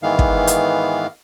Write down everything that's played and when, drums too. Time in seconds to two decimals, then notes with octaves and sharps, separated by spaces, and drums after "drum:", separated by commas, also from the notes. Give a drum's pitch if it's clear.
0.03 G#2 D#3 E3 B3 F5
0.19 drum: kick
0.47 drum: hi-hat